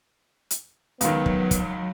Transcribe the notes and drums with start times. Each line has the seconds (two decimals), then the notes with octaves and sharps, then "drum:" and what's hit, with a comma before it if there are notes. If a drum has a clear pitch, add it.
0.50 drum: hi-hat
1.01 C#2 D#3 F#3 B3, drum: hi-hat
1.26 drum: kick
1.51 drum: kick, hi-hat